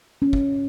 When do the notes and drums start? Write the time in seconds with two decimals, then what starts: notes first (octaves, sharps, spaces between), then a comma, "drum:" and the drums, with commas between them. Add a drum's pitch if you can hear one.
0.22 C#4
0.33 drum: kick